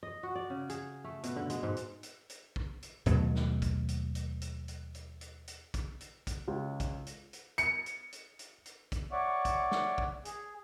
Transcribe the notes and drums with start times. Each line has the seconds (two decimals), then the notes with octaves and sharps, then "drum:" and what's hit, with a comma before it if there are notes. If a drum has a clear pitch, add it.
0.03 D#5
0.23 F#4
0.35 D5
0.50 C#3
0.69 G#4, drum: hi-hat
1.04 A3
1.23 B2, drum: hi-hat
1.36 D3
1.50 G#3, drum: hi-hat
1.63 G#2
1.76 drum: hi-hat
2.03 drum: hi-hat
2.29 drum: hi-hat
2.56 drum: kick
2.82 drum: hi-hat
3.06 D#2 B2 F#3 A3, drum: kick, hi-hat
3.35 drum: snare
3.62 drum: kick, hi-hat
3.88 drum: hi-hat
4.15 drum: hi-hat
4.41 drum: hi-hat
4.68 drum: hi-hat
4.94 drum: hi-hat
5.21 drum: hi-hat
5.47 drum: hi-hat
5.74 drum: kick, hi-hat
6.00 drum: hi-hat
6.27 drum: kick, hi-hat
6.48 C#2
6.80 drum: kick, hi-hat
7.06 drum: hi-hat
7.33 drum: hi-hat
7.58 C#7, drum: hi-hat
7.86 drum: hi-hat
8.12 drum: hi-hat
8.39 drum: hi-hat
8.65 drum: hi-hat
8.92 drum: kick, hi-hat
9.12 C#5 D5 E5 F#5 C#6 D6
9.45 drum: kick, hi-hat
9.71 drum: snare
9.98 drum: kick
10.25 G#4, drum: hi-hat